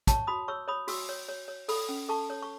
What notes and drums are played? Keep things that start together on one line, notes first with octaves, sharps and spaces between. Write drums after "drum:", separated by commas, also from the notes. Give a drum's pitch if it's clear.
C#5 A5 C#6, drum: kick, hi-hat
F#4 B5 D#6
C#5 C#6 E6
C#5 B5 D#6
F#4 C#6 E6, drum: open hi-hat
C#5
C#5
C#5
A4 B5 D#6, drum: open hi-hat
C#4
A4 A5 C#6
C#5
C#6